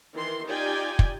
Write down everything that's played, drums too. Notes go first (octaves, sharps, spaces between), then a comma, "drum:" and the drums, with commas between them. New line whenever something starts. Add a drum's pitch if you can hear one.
D#3 E3 C6
D#4 F4 G4 D5 G5 G#5
drum: kick